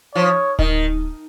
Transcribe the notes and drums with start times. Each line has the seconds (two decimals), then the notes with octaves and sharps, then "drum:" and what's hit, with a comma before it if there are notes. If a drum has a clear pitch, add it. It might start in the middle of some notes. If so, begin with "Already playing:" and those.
0.15 F3 C#5
0.59 D#3, drum: kick D1